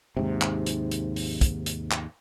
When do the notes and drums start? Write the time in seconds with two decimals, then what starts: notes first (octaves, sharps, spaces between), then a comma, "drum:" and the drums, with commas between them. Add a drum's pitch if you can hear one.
0.17 D#2 G#2 C3
0.42 drum: clap
0.66 drum: hi-hat
0.91 drum: hi-hat
1.16 drum: open hi-hat
1.41 drum: kick, hi-hat
1.66 drum: hi-hat
1.91 drum: clap